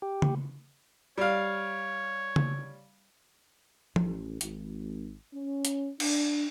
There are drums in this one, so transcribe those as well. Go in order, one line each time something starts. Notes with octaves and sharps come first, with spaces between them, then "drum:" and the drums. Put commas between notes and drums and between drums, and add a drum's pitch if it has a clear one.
G4
drum: tom C#3
G3 C#5 F5
drum: tom C#3
A1, drum: tom F3
G#1, drum: hi-hat
C#4
drum: hi-hat
D4, drum: cymbal